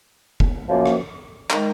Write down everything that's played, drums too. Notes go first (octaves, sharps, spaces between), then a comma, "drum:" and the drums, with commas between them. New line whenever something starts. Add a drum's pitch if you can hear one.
drum: kick F1
F#2 F3 A#3
drum: rim click
D#3 G#3, drum: clap